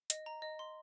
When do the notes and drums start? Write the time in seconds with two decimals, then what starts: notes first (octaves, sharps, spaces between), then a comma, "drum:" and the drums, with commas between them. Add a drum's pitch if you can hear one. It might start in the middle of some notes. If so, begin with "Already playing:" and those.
0.10 D#5, drum: hi-hat
0.26 A#5
0.42 D#5
0.59 C6